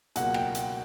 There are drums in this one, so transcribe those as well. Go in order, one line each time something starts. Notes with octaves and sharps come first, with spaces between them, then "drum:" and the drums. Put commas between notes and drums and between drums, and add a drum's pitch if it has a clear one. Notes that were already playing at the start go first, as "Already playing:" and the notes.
C#2 B2 F#3 A#3 F#5, drum: hi-hat
G5, drum: rim click
drum: hi-hat